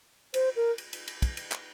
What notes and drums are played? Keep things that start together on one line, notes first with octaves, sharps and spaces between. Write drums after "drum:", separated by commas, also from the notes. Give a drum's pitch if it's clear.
C5, drum: cymbal
A#4
drum: cymbal
drum: cymbal
drum: cymbal
drum: kick, cymbal
drum: cymbal
drum: clap